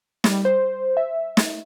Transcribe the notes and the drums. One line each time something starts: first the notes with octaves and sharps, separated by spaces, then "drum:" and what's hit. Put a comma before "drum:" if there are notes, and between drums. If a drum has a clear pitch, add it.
G3, drum: snare
C5
E5
drum: snare